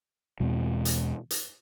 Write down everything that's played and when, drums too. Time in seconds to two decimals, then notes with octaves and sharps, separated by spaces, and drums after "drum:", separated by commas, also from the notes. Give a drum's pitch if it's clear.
0.40 E2 B2 G#3 C4
0.85 drum: hi-hat
1.30 drum: hi-hat